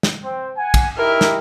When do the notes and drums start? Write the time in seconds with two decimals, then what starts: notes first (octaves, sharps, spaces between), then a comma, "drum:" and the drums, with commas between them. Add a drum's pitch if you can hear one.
0.03 drum: snare
0.23 C4
0.56 F#5 G#5
0.74 drum: kick, cymbal
0.97 D#4 E4 G4 A#4
1.21 drum: snare